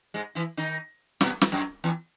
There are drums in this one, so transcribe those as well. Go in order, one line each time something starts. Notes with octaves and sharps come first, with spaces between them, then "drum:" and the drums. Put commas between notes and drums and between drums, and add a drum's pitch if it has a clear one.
G#2 G#3
E3 E4
D#3 D#4
B2 B3, drum: snare
drum: snare
F#2 F#3
E2 E3